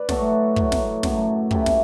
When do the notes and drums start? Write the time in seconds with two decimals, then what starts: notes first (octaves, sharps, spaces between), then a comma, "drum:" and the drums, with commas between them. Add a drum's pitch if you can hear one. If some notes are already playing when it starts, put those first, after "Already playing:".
Already playing: B4 D5
0.09 A2 F#3 A3 F#4 A4, drum: snare
0.56 A2 F#3 A3, drum: kick
0.72 drum: snare
1.03 F#2 F#3 A3, drum: snare
1.51 F#2 F#3 A3 E4 G4, drum: kick
1.66 drum: snare